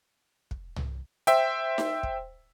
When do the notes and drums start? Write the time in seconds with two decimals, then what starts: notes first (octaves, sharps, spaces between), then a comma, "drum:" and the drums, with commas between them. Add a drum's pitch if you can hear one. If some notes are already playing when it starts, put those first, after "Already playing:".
0.51 drum: kick
0.76 drum: tom
1.27 C5 E5 G5, drum: hi-hat
1.78 drum: snare D#4
2.03 drum: kick